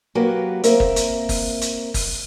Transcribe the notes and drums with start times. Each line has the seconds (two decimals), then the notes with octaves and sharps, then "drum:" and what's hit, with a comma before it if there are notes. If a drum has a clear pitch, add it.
0.15 F#3 A#3 F#4 G4 A#4 B4
0.64 A#3 C4 A#4 E5, drum: hi-hat
0.80 drum: kick
0.96 drum: hi-hat
1.29 drum: kick, open hi-hat
1.62 drum: hi-hat
1.94 drum: kick, open hi-hat